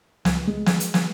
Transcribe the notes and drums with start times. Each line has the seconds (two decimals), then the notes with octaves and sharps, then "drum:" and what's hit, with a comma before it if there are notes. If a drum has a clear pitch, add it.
0.25 C#2, drum: snare
0.48 G#3
0.66 drum: snare
0.80 drum: hi-hat
0.94 drum: snare